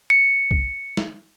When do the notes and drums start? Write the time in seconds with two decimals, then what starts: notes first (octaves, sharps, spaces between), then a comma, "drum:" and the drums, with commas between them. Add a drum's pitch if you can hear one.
0.10 C#7
0.51 drum: kick C2
0.97 drum: snare